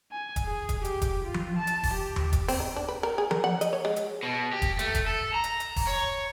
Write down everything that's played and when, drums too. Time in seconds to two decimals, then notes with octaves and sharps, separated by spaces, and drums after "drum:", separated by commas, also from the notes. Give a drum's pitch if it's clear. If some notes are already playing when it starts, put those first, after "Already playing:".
0.12 G#5
0.36 drum: kick E1, hi-hat
0.45 G#4
0.69 drum: kick E1, hi-hat
0.85 G4, drum: hi-hat
1.02 drum: kick E1, hi-hat
1.25 F4
1.34 drum: tom F3
1.57 A5
1.67 drum: hi-hat
1.83 drum: kick E1, open hi-hat
1.94 G4
2.16 drum: tom D#2
2.33 drum: kick E1, hi-hat
2.48 C4, drum: open hi-hat
2.60 D#4
2.76 D4
2.88 B4
3.03 A#4
3.18 G#4
3.31 A#4, drum: tom F3
3.44 F#5
3.61 D#5, drum: hi-hat
3.73 C#5
3.85 G#3
3.96 drum: hi-hat
4.23 B2
4.53 G4
4.62 drum: kick E1, hi-hat
4.79 A3, drum: hi-hat
4.95 drum: kick E1, hi-hat
5.07 A4
5.34 A#5
5.44 drum: hi-hat
5.60 drum: hi-hat
5.76 drum: kick E1, open hi-hat
5.87 C#5